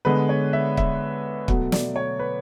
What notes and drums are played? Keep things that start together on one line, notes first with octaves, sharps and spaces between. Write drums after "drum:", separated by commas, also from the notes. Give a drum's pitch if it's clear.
D3 G#3 B3 B4
C#5
E5
E5, drum: kick
B2 F#3 A3 F#5, drum: kick
D5, drum: snare
C#5
B4